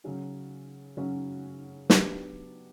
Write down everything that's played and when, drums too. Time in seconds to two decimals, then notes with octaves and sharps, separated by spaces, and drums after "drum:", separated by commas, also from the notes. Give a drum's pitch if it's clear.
0.04 C#3 F#3 C#4 F#4
0.97 C#3 F#3 C#4 F#4
1.90 F#3 B3 D4 G4, drum: snare